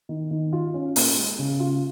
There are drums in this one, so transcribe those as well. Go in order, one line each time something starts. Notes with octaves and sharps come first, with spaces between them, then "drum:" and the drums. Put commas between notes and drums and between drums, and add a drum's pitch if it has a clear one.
D#3
D#3
F4
C#4
A#2, drum: open hi-hat
G#3
C#3
F4